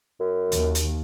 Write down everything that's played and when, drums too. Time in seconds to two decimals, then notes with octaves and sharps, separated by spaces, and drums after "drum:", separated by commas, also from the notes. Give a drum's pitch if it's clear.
0.20 F#2
0.52 D#2, drum: hi-hat
0.75 drum: hi-hat